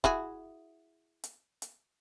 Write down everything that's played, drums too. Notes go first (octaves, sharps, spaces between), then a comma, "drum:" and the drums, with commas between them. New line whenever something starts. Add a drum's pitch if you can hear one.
E4 F#4 G#4, drum: kick
drum: hi-hat
drum: hi-hat